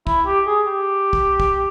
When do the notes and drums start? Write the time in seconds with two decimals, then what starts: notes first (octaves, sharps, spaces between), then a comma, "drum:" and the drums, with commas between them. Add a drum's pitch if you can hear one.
0.07 E4, drum: kick
0.26 G4
0.47 G#4
0.67 G4
1.13 drum: kick
1.40 drum: kick